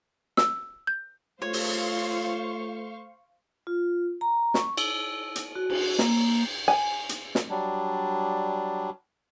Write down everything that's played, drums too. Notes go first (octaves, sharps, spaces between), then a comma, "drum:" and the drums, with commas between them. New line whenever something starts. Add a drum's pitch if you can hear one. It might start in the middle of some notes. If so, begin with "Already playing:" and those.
E6, drum: snare
G6
A3 F4 C5 C#5 F5 C#6
drum: open hi-hat
F4
A#5
C#6, drum: snare
E6, drum: cymbal
drum: hi-hat
F#4
drum: cymbal
A#3, drum: snare
G#5
drum: hi-hat
drum: snare
F#3 G3 D4